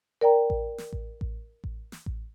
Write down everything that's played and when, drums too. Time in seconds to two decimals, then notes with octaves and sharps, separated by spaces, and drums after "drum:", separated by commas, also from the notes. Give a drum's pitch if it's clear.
0.21 A#4 D5 G5 A#5
0.50 drum: kick A1
0.78 drum: snare
0.93 drum: kick A1
1.21 drum: kick A1
1.64 drum: kick A1
1.92 drum: snare
2.06 drum: kick A1